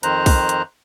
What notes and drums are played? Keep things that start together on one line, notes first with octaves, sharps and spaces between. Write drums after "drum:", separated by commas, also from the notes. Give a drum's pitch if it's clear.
F2 D#3 C5 A#5 F#6, drum: hi-hat
drum: kick B1, open hi-hat
drum: hi-hat